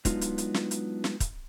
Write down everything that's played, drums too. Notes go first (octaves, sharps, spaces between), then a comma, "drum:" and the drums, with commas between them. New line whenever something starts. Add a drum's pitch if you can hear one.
F#3 G#3 B3 D4 D#4 F4, drum: kick, hi-hat
drum: hi-hat
drum: hi-hat
drum: snare
drum: hi-hat
drum: snare
drum: kick, hi-hat